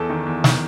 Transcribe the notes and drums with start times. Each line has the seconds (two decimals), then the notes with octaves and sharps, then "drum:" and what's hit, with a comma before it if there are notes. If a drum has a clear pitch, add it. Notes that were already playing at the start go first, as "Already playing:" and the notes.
Already playing: E2 A4
0.10 D#3
0.26 E2
0.44 D#3, drum: snare